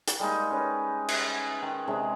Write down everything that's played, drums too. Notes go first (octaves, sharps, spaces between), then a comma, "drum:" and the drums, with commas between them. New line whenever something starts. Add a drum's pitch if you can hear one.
drum: hi-hat
G3 G#3 A#3 D#4
C#4 B4
drum: cymbal
D#3
C3 G#3 D4